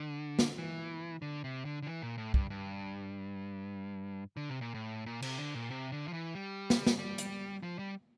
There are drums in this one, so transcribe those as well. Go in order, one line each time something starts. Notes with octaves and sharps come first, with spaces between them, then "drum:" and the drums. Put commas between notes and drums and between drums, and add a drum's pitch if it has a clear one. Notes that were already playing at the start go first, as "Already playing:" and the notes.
Already playing: D3
drum: snare
E3
D3
C3
D3
D3
E3
A#2
A2
G2, drum: kick
G2
D3
C3
A#2
A2
A#2
C3, drum: cymbal
D3
A#2
C3
D3
F3
E3
G3
drum: snare
drum: snare
G3
drum: hi-hat
F3
G3